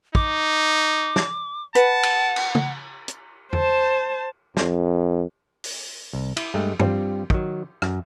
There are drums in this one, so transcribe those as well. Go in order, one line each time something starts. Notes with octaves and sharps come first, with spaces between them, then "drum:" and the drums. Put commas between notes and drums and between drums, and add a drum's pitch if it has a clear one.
D#4 D6, drum: kick
drum: snare
B4 F#5 A5, drum: hi-hat
drum: cymbal
drum: cymbal
drum: tom
drum: hi-hat
C5 A5, drum: tom E2
F2, drum: snare
drum: open hi-hat
C2
E4, drum: cymbal
G2 G#3 A3
G2 G3 C4 F4, drum: tom G2
D#3 F#3, drum: kick
F#2, drum: rim click